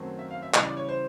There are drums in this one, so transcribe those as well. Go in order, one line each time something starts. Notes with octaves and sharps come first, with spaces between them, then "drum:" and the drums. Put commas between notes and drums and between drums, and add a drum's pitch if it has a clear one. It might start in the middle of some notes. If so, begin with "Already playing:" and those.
Already playing: F#2 D#3 F#3 A3 C4
E5
F5
E5
C#3 E3 G3 D#5, drum: clap
D5
C#5
C5